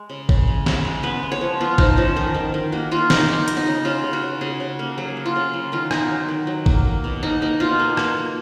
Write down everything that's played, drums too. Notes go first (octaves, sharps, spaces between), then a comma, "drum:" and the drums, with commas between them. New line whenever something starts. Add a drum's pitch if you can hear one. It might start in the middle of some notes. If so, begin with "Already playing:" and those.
Already playing: G#3
C#3
C#3, drum: kick G#1
G#3
C#3, drum: snare
G#3
B3 B4
B3
C#5
F3
B3 F4
F3 D#4, drum: kick G#1
F3 C#4
D#3 D#4
D#3
D#3
A#3 F#4
A#3 F4
A#3 D#4, drum: snare
B3 D#4
B3, drum: hi-hat
D#4
C#3
C#3 F4
C#3
F#4
C#3
C#3 G#4
C#3
A#3
F#3 G#4
A#3
F4
C#3
F#3
D#3 F4
B3 D#4, drum: rim click
F#3
D#3
F#3
A#3, drum: kick G#1
A#3
B2
A#3 D#4
A#3 D#4
B2 F4
A#3
A#3, drum: rim click
A#3